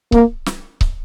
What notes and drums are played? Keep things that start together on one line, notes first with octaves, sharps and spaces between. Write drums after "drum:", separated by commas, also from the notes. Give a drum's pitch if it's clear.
A#3, drum: kick C#1
drum: snare
drum: kick C#1